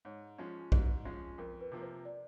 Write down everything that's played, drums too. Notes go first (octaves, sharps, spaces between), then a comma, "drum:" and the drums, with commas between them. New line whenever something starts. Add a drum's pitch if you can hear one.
G#2 C#5
F3 G#3 C#4
G#2, drum: kick A#1
F3 G#3 C#4
F2 A#4
B4
C3 F3 A#3
C5
D5